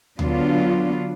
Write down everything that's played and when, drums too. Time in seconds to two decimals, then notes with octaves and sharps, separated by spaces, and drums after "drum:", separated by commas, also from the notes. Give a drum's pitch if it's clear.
0.19 D3 F#3 B3 D4 F4, drum: tom D2